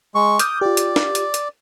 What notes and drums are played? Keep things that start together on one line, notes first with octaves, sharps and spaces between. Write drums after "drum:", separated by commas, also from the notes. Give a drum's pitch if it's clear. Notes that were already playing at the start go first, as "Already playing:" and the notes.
G#3 C#6
D6 D#6 F6 G6, drum: hi-hat
F4 G4 D5
drum: hi-hat
drum: snare
drum: hi-hat
drum: hi-hat